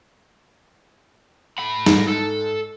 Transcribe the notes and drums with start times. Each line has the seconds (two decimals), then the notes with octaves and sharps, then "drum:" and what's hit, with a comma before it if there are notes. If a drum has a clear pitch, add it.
1.58 A4 B5
1.86 G#2, drum: snare
2.08 A4